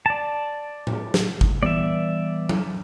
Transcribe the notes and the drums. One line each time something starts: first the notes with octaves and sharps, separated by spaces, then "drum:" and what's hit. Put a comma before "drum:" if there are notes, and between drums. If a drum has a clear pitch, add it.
D5 A5
drum: tom A2
drum: snare
drum: kick G1
E3 G3 B3 D5 E5
drum: tom F#3